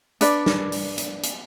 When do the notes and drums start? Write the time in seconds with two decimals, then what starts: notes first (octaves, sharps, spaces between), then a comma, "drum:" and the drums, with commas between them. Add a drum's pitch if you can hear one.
0.21 D4 B4 D5, drum: hi-hat
0.46 drum: snare
0.72 drum: open hi-hat
0.98 drum: hi-hat
1.23 drum: hi-hat